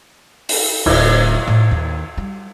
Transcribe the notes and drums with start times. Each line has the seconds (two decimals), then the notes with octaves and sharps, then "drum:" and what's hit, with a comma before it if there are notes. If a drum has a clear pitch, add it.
0.49 drum: open hi-hat
0.86 D1, drum: cymbal
1.47 A2
1.71 D#2
2.17 G3